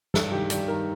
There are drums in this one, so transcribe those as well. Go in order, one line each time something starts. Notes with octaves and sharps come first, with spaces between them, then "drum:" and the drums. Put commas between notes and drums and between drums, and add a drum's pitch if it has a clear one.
G2 A4, drum: snare
D#3 G4
G2 G4, drum: hi-hat
D#3 A#4